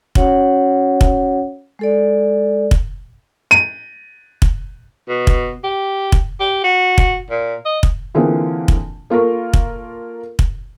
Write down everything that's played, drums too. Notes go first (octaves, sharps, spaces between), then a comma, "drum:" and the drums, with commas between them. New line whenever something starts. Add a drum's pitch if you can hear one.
C#4 F#4 C#5 F#5, drum: kick
drum: kick
G#3 A4 D5
drum: kick
D#7
drum: kick
B2
drum: kick
G4
drum: kick
G4
F#4
drum: kick
A#2
D#5
drum: kick
D3 E3 A#3 C4 F4 G#4
drum: kick
A#3 F4 A4 A#4 C#6
drum: kick
drum: kick